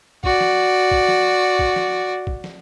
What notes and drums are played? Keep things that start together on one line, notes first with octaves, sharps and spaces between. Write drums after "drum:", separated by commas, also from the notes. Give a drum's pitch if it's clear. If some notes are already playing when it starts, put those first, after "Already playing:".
F#4 D5, drum: kick
drum: snare
drum: kick
drum: snare
drum: kick
drum: snare
drum: kick
drum: snare